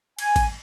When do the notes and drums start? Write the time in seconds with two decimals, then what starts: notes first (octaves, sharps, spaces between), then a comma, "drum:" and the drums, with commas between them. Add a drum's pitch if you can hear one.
0.19 G#5, drum: cymbal
0.36 drum: kick, cymbal